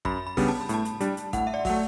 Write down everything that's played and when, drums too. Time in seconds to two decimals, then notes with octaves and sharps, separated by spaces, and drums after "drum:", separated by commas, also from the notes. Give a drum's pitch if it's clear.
0.05 F#2 B5, drum: kick G#1
0.27 B5
0.37 C#3 G3 B3 D4, drum: kick G#1, open hi-hat
0.48 A5
0.61 B5
0.69 A2 A5, drum: hi-hat
0.85 drum: hi-hat
1.00 G3 D4, drum: hi-hat
1.17 drum: hi-hat
1.33 A2 F#5, drum: kick G#1, hi-hat
1.47 E5
1.54 D5
1.65 F#3 A3 F#5, drum: kick G#1, open hi-hat